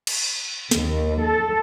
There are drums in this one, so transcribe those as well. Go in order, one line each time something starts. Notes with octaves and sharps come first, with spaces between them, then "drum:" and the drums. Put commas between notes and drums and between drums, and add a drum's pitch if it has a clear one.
drum: cymbal
D#2, drum: snare
A4